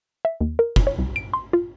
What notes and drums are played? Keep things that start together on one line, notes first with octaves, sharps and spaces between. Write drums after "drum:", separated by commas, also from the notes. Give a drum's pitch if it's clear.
E5
D#2
A#4
drum: kick
C#5
C2
D7
C6
F4